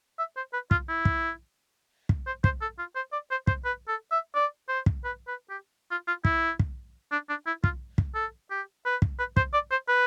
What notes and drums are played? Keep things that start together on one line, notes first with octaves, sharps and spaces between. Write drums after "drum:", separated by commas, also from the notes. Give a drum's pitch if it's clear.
E5
C5
B4
F4, drum: kick
E4
drum: kick
drum: kick
C5
C5, drum: kick
A4
F4
C5
D5
C5
C5, drum: kick
B4
A4
E5
D5
C5
drum: kick
B4
B4
G4
F4
F4
E4, drum: kick
drum: kick
D4
D4
E4
F4, drum: kick
drum: kick
A4
G4
B4
drum: kick
B4
C5, drum: kick
D5
C5
B4